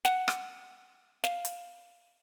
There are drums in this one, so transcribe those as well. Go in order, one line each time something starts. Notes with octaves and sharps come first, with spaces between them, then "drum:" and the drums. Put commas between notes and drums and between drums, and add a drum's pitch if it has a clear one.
F#5, drum: snare
drum: rim click
F5, drum: snare
drum: hi-hat